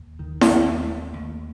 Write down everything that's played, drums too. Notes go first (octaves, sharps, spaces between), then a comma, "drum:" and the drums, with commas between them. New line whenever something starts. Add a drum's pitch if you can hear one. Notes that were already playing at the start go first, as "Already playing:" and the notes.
Already playing: D#2
D#3
drum: snare E4
D#2
A3
D#2